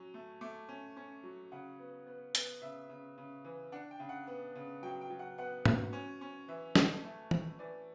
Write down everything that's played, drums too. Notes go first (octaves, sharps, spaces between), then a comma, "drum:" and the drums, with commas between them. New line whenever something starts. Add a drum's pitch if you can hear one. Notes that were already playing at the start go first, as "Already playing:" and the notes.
Already playing: F#3 C#4
A3
A3 D6
C#4
C#4
F#3
C#3 F#5
B3
B3
B3, drum: hi-hat
C#3 E5
C#3
C#3
E3
D4 F#5
G5
C#3
F#5
B3
C#3
F#3 G5
G5
F#3
F#5
B3 F#5
F#3, drum: tom G#2
C#4
C#4
E3 E5
A3, drum: snare
A3
A3, drum: tom E3
E3 D5